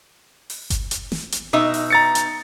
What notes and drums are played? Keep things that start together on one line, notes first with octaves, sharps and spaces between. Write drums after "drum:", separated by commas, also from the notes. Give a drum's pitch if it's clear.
drum: open hi-hat
drum: kick G1, hi-hat
drum: hi-hat
drum: snare
drum: hi-hat
B2 D#4 E5
drum: open hi-hat
A#5 A6 C#7
drum: hi-hat